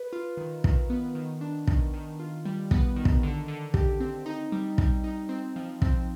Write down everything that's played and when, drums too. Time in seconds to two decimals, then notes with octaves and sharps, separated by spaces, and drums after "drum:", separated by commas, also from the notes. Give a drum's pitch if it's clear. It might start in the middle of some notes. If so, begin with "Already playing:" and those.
Already playing: B4
0.13 F4
0.37 D#3
0.64 D#3, drum: kick
0.90 B3
1.15 D#3
1.41 D4
1.67 D#3, drum: kick
1.93 D#3
2.20 F4
2.45 G3
2.71 B3, drum: kick
2.96 D#3
3.05 drum: kick
3.23 D3
3.48 D3
3.74 G4, drum: kick
4.00 C4
4.26 D#4
4.52 G3
4.78 G3, drum: kick
5.04 D#4
5.29 C4
5.56 F3
5.82 C4, drum: kick